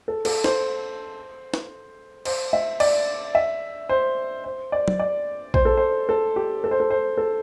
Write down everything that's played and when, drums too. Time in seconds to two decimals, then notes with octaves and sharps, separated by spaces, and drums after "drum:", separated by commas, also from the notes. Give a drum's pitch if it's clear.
0.08 A4
0.25 A4, drum: cymbal
0.44 C5, drum: snare
1.54 drum: snare
2.25 C5, drum: cymbal
2.53 E5
2.80 D5, drum: cymbal
3.35 E5
3.89 C5
4.44 C5
4.72 D5
4.88 drum: tom
5.00 D5
5.54 C5, drum: kick A#1
5.65 A4
5.77 C5
6.09 A4
6.36 G4
6.64 A4
6.71 C5
6.80 A4
6.90 C5
7.18 A4